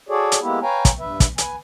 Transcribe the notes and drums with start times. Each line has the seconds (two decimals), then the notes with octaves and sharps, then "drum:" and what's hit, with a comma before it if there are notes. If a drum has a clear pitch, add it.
0.09 F#4 G#4 A4 C#5 D5
0.32 drum: hi-hat
0.41 G#3 A#3 B3 E4 G4
0.63 B4 C#5 F5 G5 G#5 A#5
0.85 drum: kick, hi-hat
0.99 G2 B4 E5
1.20 drum: kick, hi-hat
1.38 B4 G#5, drum: hi-hat